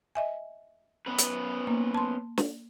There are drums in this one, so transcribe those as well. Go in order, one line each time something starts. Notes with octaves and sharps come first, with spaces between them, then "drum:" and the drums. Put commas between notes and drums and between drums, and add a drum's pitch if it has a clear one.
D#5 E5 G#5
B3 C#4 B4
drum: hi-hat
A#3
A5 C6
drum: snare